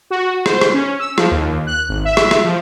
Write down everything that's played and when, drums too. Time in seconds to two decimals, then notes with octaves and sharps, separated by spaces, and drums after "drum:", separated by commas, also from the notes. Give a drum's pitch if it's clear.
0.10 F#4
0.46 C5, drum: rim click
0.61 drum: rim click
0.74 C#4
0.99 E6
1.18 F3, drum: rim click
1.31 D#2
1.67 F#6
1.89 G#1
2.05 E5
2.17 drum: rim click
2.31 drum: rim click
2.45 F3